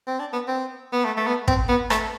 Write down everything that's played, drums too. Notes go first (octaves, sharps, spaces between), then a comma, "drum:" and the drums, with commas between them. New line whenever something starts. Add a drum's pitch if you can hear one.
C4
D4
B3
C4
B3
A3
A3
B3
C4, drum: kick
B3
A3, drum: rim click